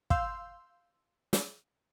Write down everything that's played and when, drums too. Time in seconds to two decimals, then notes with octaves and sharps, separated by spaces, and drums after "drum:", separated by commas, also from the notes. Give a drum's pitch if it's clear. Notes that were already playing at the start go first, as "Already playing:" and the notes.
0.10 F5 C6 E6 G6, drum: kick
1.33 drum: snare